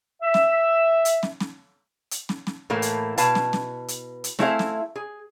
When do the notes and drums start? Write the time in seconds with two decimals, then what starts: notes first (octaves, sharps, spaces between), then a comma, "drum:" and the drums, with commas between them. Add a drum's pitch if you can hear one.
0.22 E5
0.34 drum: snare
1.05 drum: hi-hat
1.23 drum: snare
1.40 drum: snare
2.11 drum: hi-hat
2.29 drum: snare
2.47 drum: snare
2.70 A2 E3 A3 A#3
2.82 drum: hi-hat
3.18 B2 E4 B4 F5 A5, drum: hi-hat
3.35 drum: snare
3.53 drum: snare
3.88 drum: hi-hat
4.24 drum: hi-hat
4.39 A3 C4 E4 G#4 E5 F5, drum: snare
4.59 drum: snare
4.96 G#4